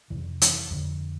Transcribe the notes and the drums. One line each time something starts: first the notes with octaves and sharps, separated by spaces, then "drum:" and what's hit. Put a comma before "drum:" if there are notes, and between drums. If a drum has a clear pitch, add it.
F2 C3 E3
E3, drum: hi-hat
F2 D3